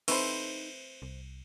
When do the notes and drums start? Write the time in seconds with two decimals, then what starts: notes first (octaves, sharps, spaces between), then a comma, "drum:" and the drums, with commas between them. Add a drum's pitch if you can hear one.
0.08 A3 C4 D#4 A4 B4 C5, drum: cymbal
1.02 C2